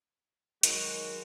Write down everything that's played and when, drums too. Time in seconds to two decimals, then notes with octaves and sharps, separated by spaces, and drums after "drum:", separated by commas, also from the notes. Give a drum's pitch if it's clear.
0.63 D#3 F#3 G#3 F#4, drum: hi-hat